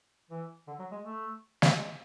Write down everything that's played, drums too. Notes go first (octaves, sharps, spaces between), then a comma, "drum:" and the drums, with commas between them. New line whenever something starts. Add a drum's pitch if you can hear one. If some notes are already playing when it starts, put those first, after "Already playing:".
E3
D3
F#3
G#3
A3
drum: snare
G#3